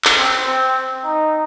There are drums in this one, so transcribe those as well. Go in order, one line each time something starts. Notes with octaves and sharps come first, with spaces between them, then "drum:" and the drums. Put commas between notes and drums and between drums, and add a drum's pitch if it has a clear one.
drum: clap
C4
C4
D#4